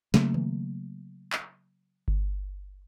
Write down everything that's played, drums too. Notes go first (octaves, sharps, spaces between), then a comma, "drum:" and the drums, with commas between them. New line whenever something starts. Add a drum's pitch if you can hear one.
C#3 F#3 A3 A#3, drum: snare
drum: tom D#3
drum: clap
drum: kick G1